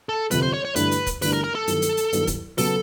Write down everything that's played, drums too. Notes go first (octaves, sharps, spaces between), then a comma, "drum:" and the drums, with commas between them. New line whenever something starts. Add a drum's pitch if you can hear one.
A4
G1 F2 C3 B4, drum: hi-hat
C5
C#5
C#5
G1 G2 E3 A3 D4 B4, drum: hi-hat
drum: hi-hat
drum: kick, hi-hat
G1 G2 E3 A3 D4 B4, drum: open hi-hat
A#4
A#4
A4
G2 D#3 F#3 B3 E4, drum: hi-hat
drum: hi-hat
drum: hi-hat
G2 D#3 F#3 B3 E4, drum: hi-hat
drum: kick, hi-hat
C#3 F#3 B3 A4, drum: open hi-hat